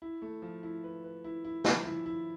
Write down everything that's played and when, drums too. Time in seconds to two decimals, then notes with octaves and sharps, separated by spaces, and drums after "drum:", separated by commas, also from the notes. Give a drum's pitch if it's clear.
0.02 E4
0.22 A3
0.42 F3
0.63 E4
0.84 B4
1.04 B4
1.24 E4
1.44 E4
1.64 F3, drum: snare
1.85 E4
2.06 E4